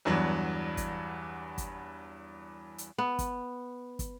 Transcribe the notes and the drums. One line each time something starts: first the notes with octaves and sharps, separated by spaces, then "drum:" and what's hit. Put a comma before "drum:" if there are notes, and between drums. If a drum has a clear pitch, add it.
E2 G2 F#3 D4
drum: kick, hi-hat
drum: kick, hi-hat
drum: hi-hat
B3
drum: kick, hi-hat
drum: kick, hi-hat